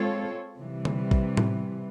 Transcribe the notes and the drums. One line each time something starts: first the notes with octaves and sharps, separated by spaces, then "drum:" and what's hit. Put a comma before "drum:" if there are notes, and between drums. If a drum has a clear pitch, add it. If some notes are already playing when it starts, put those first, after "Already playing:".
Already playing: G#3 C4 F4 A4 C#5
C3 E3 G3
drum: tom D3
drum: kick
drum: tom A2